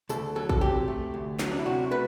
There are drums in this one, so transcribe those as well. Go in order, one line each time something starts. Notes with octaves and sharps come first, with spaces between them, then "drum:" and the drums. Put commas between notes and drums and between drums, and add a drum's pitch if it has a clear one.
D2 A4, drum: tambourine
F#3 A4
A4, drum: kick
C3 G4
A3
D2
F#3, drum: snare
D4
E4
C3 F#4
A3 B4